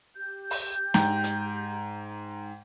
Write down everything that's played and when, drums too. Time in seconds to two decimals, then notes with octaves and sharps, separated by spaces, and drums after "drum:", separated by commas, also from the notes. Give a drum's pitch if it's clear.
0.15 G4 G6
0.50 drum: open hi-hat
0.94 G#2 G5 A#5, drum: snare
1.24 drum: hi-hat